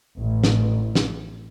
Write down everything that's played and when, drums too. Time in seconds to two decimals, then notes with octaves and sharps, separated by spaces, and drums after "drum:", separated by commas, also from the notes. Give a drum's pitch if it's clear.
0.18 A1
0.44 drum: snare
0.95 drum: snare